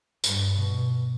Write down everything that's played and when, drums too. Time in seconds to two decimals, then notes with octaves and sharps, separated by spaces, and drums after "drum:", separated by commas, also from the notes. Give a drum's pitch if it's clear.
0.24 G2, drum: tambourine
0.56 B2